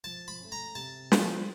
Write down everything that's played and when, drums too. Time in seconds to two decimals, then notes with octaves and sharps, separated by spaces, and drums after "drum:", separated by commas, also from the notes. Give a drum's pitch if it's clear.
0.04 F3 A5
0.28 B5
0.40 A3 C#4
0.52 A#5
0.75 C3 A5
1.12 F3 A3 D4 F4, drum: snare